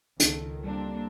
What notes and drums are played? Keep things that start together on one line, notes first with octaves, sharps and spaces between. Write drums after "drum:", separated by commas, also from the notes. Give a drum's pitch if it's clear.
C#2 D#3 A4, drum: hi-hat
G3 A#3 C4 D4